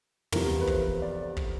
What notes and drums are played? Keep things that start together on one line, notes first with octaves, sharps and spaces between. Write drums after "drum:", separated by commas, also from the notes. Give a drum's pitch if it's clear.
E2 C3 F3 A#4, drum: tom
B4
C5, drum: kick
D5
drum: kick